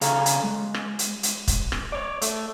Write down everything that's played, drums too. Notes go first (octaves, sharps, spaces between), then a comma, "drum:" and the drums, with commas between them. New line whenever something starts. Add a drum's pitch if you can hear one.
C#3 A4 C#5 F5 A#5, drum: hi-hat
drum: hi-hat
G#3
drum: rim click
drum: hi-hat
drum: hi-hat
drum: kick C#1, hi-hat
drum: rim click
C#5 D5
A3, drum: hi-hat